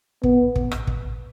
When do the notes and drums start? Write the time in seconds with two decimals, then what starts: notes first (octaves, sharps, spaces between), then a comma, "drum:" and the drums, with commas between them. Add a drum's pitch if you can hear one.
0.24 B3, drum: kick
0.56 drum: kick
0.71 drum: rim click
0.87 drum: kick